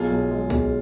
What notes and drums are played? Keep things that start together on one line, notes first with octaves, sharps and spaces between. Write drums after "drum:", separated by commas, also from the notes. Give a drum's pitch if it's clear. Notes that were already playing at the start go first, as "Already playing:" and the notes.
Already playing: B1 F4 G#4
B1
G#3
B1, drum: kick C2